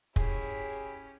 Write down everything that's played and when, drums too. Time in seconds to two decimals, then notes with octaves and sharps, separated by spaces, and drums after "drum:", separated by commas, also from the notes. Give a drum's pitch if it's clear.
0.16 C#4 E4 G4 G#4 C#5, drum: kick